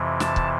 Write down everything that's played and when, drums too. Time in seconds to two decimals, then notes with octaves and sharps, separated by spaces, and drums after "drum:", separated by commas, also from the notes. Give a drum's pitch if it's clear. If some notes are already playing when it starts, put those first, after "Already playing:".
Already playing: F2 C3 E3
0.20 A5, drum: snare
0.36 drum: kick C#1